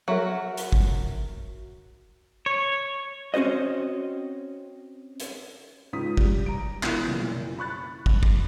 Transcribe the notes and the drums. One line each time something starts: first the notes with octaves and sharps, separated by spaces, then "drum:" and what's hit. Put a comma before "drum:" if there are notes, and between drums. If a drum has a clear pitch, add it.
F#3 A#4 E5 F#5
drum: hi-hat
drum: kick
C#5
C4 C#4 F#4 C5 D#5
drum: hi-hat
C#2 G#2 C#3 D#6 B6
G3, drum: kick
A#5 D7
B2 E3 E4 A#4, drum: clap
F#1 C2 F2 C#3
B5 C#6 F#6 A6
drum: kick
drum: kick